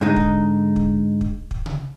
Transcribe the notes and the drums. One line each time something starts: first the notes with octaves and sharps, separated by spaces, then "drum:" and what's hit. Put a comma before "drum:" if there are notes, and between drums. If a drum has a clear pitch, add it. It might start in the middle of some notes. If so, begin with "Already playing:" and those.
G#2 D3 G#3 D#4
drum: kick
drum: kick
drum: kick
drum: kick
drum: tom C3